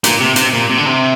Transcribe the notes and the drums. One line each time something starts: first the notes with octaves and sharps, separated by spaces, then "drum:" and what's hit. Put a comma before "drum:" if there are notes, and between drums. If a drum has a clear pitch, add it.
A#2, drum: hi-hat
C3
C3, drum: hi-hat
A#2
C3
D3
C3